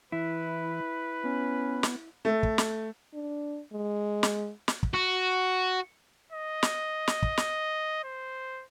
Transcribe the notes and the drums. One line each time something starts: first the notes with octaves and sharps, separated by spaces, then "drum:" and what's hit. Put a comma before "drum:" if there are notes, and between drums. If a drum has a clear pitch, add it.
E3 E4 B4
B3 C#4
drum: snare
A3
drum: kick
drum: snare
D4
G#3
drum: snare
drum: snare
drum: kick
F#4
D#5
drum: snare
drum: snare
drum: kick
drum: snare
C5